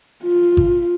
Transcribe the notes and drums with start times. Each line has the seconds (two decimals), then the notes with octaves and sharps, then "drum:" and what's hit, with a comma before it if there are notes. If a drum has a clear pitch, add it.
0.23 F4
0.57 drum: kick G#1